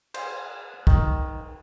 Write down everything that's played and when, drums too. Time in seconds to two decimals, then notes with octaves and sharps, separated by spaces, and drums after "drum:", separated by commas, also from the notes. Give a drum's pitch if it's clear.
0.14 C5, drum: cymbal
0.87 D#3, drum: kick